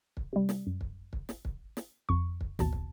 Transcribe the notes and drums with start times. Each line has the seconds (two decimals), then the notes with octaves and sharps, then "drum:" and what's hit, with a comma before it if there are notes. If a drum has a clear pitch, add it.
0.17 drum: kick
0.33 C3 G3
0.49 drum: snare
0.67 F#2
0.81 drum: kick
1.13 drum: kick
1.29 drum: snare
1.45 drum: kick
1.77 drum: snare
2.09 F2 C#6, drum: kick
2.41 drum: kick
2.59 A1 D#2 B2 A5, drum: snare
2.73 drum: kick